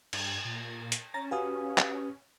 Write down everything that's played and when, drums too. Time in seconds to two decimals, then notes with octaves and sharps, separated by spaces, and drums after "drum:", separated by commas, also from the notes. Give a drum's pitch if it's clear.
0.13 G2, drum: cymbal
0.45 A#2
0.92 drum: hi-hat
1.14 C#4 A#5 A6 A#6
1.31 F#4 G4 B4 F5 G#5 D#6
1.78 drum: clap